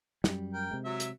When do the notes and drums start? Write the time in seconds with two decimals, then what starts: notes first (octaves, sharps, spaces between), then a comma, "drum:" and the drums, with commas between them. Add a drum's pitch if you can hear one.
0.24 F#2 G3, drum: snare
0.54 A#4 G5
0.71 C3 G#3
0.85 F#3 E5
1.00 drum: hi-hat